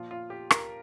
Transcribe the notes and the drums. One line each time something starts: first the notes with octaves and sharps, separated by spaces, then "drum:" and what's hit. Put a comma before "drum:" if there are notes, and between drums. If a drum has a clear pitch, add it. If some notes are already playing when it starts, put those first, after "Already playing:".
Already playing: A#2 F3 F4
F4
G4
A#4, drum: rim click